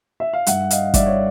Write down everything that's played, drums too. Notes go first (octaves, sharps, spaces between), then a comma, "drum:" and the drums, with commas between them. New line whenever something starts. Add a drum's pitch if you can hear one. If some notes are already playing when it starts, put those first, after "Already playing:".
E5
F5
G2 E5 F#5, drum: hi-hat
D#5 F5, drum: hi-hat
G2 D5 E5, drum: kick, hi-hat
C#5